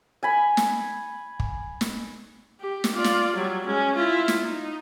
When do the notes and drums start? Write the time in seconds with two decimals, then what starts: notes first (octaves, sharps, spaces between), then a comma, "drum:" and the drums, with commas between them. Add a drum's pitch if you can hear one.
0.23 G#5 B5
0.57 drum: snare
1.40 drum: kick
1.81 drum: snare
2.60 G4
2.84 drum: snare
2.95 F4 D5
3.04 drum: snare
3.35 F#3 G3
3.66 G#3 C#4
3.95 E4 F4
4.28 drum: snare
4.43 D#4